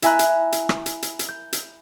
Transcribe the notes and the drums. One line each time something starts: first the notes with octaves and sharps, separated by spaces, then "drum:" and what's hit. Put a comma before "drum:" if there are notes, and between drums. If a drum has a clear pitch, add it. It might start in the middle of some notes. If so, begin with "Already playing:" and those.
E4 E5 G#5 A#5 B5 F#6, drum: hi-hat
drum: hi-hat
drum: hi-hat
drum: rim click
drum: hi-hat
drum: hi-hat
drum: hi-hat
G6
drum: hi-hat